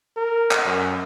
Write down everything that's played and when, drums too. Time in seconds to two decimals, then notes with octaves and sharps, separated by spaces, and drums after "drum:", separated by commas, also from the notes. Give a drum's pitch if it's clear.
0.16 A#4
0.51 drum: clap
0.66 F#2